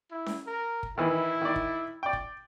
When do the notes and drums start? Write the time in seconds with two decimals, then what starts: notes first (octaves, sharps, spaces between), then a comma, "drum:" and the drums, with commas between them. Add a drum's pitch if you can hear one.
0.11 E4
0.26 drum: snare C#4
0.47 A#4
0.83 drum: kick
0.98 D#3 E3 E4
1.41 D#3 D5
1.56 drum: kick
2.03 D5 G5
2.13 drum: kick